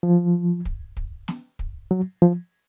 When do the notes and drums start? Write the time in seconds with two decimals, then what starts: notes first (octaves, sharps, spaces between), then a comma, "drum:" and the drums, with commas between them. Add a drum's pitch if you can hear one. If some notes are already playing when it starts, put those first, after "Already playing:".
0.03 F3
0.65 drum: kick
0.97 drum: kick
1.28 drum: snare
1.59 drum: kick
1.91 F#3
2.22 F3